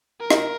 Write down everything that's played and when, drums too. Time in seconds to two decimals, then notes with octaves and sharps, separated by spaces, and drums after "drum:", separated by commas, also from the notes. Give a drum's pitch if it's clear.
0.20 A#4
0.30 drum: rim click